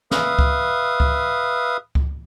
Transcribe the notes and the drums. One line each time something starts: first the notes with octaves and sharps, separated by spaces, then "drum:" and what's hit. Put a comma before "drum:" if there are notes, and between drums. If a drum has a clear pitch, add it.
B4 E5 F5 D#6, drum: snare
drum: kick C#2
drum: kick C#2
drum: kick C#2